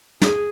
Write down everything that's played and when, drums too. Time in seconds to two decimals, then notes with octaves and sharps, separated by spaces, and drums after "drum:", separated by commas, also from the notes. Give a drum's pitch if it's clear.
0.22 G#4, drum: snare